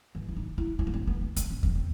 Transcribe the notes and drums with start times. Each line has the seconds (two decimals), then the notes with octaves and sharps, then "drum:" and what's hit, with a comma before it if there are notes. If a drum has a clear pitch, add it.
0.15 E3
0.29 E4
0.37 D#4
0.58 E4
0.79 C4
0.87 B3
0.94 C4
1.07 B3
1.21 B3
1.37 C4, drum: hi-hat
1.51 C4
1.63 B3, drum: kick E2
1.75 C4